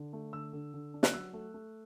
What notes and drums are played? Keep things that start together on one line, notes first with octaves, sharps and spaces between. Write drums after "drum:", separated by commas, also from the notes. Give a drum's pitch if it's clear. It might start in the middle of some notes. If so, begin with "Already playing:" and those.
Already playing: D3
A3
D3 E6
D3
D3
D4
F#6, drum: snare
F#3 E6
A3
A3